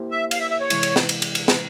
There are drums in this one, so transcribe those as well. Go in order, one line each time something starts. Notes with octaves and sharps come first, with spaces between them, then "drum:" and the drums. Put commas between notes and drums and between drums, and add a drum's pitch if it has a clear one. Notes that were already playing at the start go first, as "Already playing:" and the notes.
Already playing: A#3 E4 G4 C5
E5
F5, drum: cymbal
E5
E5
C#5
C3 E3 G#3 E4, drum: cymbal
drum: cymbal
drum: snare
drum: cymbal
drum: cymbal
drum: cymbal
drum: snare